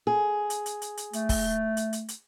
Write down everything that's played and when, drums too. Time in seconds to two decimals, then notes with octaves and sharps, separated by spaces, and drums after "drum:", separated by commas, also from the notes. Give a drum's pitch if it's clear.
0.07 G#4
0.50 drum: hi-hat
0.66 drum: hi-hat
0.82 drum: hi-hat
0.97 drum: hi-hat
1.13 A3, drum: hi-hat
1.29 drum: kick, open hi-hat
1.77 drum: hi-hat
1.93 drum: hi-hat
2.08 drum: hi-hat